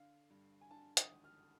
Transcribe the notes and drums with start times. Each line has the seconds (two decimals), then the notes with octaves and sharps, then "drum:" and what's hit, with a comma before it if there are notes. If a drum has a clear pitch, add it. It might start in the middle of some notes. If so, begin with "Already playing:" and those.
Already playing: D3 F5
0.30 G2
0.61 G#5
0.71 D3 A5
0.97 D#6, drum: hi-hat
1.11 G#1
1.24 F6